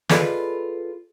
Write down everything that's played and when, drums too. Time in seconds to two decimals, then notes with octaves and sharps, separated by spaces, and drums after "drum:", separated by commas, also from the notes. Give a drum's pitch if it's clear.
0.09 F4 G#4 A4 B4 D5 D#5, drum: snare